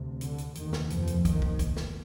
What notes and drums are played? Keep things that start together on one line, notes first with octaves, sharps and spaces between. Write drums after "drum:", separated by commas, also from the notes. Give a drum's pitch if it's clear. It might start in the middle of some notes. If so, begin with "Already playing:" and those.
Already playing: D2 C3
D3, drum: hi-hat
drum: hi-hat
F1 D#2 D#3, drum: hi-hat
drum: snare
F2 F3, drum: hi-hat
drum: hi-hat
D#3, drum: kick, hi-hat
drum: kick
drum: kick, hi-hat
drum: snare